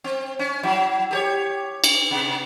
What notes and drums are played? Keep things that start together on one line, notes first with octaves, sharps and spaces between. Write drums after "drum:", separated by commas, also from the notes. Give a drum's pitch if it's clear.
C4
C#4
F#3 E4
G4 A4 C#5
drum: cymbal
C3